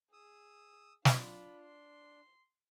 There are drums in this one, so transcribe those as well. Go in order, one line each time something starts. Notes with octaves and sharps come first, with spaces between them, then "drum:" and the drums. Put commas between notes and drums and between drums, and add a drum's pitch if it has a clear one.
G#4 D#6 E6
D4 F4 B5, drum: snare
C6